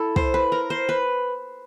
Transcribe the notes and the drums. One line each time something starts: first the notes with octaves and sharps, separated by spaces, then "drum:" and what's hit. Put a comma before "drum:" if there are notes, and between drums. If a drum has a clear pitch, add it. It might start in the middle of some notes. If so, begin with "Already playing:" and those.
Already playing: E4 A4
C5, drum: kick
B4
A#4
C5
B4